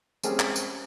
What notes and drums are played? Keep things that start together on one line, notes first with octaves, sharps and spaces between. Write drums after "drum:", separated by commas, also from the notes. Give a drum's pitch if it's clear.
G3 G#3 C4 C#4 G#4 A#4, drum: tambourine
drum: clap
drum: tambourine